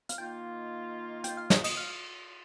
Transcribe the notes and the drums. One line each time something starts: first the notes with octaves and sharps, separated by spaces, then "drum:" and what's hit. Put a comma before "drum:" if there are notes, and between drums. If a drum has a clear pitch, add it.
F5, drum: hi-hat
D#3 A#3 F4 G5
G5, drum: hi-hat
F5
D#5, drum: snare
D#5, drum: cymbal
F5